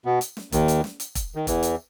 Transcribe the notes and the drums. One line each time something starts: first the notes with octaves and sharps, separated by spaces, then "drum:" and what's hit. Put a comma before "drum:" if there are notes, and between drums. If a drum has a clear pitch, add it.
B2 B3
drum: hi-hat
drum: snare
D#2 D#3, drum: kick E1, hi-hat
drum: hi-hat
drum: snare
drum: hi-hat
drum: kick E1, hi-hat
D#3
E2 E3, drum: kick E1, hi-hat
drum: hi-hat